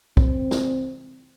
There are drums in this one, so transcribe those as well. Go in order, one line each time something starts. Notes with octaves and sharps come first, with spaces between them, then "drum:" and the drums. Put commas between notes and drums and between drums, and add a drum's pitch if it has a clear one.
C4, drum: kick
drum: snare